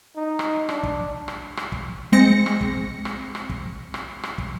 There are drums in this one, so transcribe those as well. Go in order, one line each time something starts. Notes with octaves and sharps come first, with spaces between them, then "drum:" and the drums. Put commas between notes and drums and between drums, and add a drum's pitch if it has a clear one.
D#4
drum: rim click
D4, drum: rim click
drum: kick
drum: rim click
drum: rim click
drum: kick
G#3 C4 A#6 C#7
drum: rim click
drum: kick
drum: rim click
drum: rim click
drum: kick
drum: rim click
drum: rim click
drum: kick